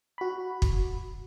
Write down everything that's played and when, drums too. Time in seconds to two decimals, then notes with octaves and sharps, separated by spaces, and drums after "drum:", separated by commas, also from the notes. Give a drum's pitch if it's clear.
0.18 F#4 B5
0.62 drum: kick